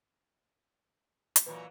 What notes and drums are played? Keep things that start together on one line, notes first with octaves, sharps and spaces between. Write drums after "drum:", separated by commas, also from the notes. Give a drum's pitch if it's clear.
drum: hi-hat
A#2 E3 F#3 B4